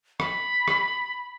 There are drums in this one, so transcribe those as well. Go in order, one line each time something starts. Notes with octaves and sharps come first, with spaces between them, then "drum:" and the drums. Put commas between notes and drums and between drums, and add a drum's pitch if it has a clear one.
B5, drum: rim click
drum: rim click